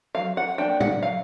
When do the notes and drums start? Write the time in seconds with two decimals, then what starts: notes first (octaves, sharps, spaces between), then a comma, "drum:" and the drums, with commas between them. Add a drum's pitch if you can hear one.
0.15 F#3 F5
0.37 F#5
0.58 A#3 D4 G5
0.80 F#5, drum: tom A#2
1.02 F#3 F5